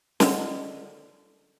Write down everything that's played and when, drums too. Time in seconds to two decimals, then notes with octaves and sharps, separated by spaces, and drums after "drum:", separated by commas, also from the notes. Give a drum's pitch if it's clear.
0.20 D3 D#3, drum: snare